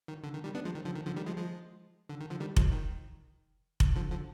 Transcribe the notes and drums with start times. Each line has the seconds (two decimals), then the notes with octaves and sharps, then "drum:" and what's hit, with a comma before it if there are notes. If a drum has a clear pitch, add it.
0.08 D#3
0.24 D3
0.34 D#3
0.44 D#3 G3
0.55 B3 D4
0.65 F3 G#3
0.75 D#3
0.85 D3 F3
0.95 D#3
1.06 D3 F3
1.16 D#3 G3
1.26 F3 G#3
1.37 F3 G#3
2.09 D3
2.21 D#3
2.30 D3 F3
2.40 D#3 G3
2.56 F3 G#3, drum: kick F1
2.72 D#3
3.80 drum: kick F1
3.96 D3 F3
4.10 D3 F3